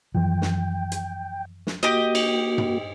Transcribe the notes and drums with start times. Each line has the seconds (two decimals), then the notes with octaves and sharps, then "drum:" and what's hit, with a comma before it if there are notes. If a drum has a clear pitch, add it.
0.15 F#2 E3 F3 G5
0.42 drum: snare
0.92 drum: hi-hat
1.67 drum: snare
1.83 A#3 F#4 G4 D#5
2.15 drum: cymbal
2.58 drum: tom